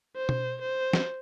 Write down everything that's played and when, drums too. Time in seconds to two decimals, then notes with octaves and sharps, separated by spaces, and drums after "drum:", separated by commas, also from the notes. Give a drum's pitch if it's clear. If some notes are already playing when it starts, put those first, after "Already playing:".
0.17 C5
0.29 drum: tom B2
0.62 C5
0.93 drum: snare